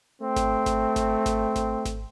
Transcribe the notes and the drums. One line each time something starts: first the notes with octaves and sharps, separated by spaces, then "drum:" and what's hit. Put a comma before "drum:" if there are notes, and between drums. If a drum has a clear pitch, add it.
A3 C4
drum: snare G#1
drum: snare G#1
drum: snare G#1
drum: snare G#1
drum: snare G#1
drum: snare G#1